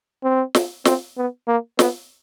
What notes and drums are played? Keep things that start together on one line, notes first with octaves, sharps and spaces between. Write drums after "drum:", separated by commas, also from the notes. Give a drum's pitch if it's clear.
C4
drum: snare
C4, drum: snare
B3
A#3
B3, drum: snare